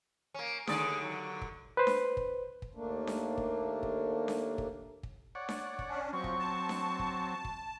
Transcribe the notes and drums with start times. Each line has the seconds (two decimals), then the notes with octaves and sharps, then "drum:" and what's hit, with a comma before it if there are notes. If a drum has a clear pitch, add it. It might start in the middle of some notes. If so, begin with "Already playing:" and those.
0.34 A#3 C#4
0.67 D#2 D3 G#4 D5, drum: snare D4
1.02 F#3
1.42 drum: kick
1.77 B4 C5
1.87 drum: snare D4
2.17 drum: kick
2.62 drum: kick
2.74 D#2 A3 A#3 D4
3.07 drum: snare D4
3.38 drum: kick
3.83 drum: kick
4.28 drum: snare D4
4.58 drum: kick
5.03 drum: kick
5.35 C#5 D5 F#5
5.49 drum: snare D4
5.79 drum: kick
5.88 C#4 D4
6.13 F3 F#3 C4 C#6
6.24 drum: kick
6.39 A5
6.69 drum: snare D4
6.99 drum: kick
7.45 drum: kick